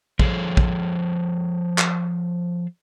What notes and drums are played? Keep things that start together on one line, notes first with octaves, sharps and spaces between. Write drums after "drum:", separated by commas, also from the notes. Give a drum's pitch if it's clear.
F3 G#4 A4 C#5, drum: kick
drum: kick
drum: clap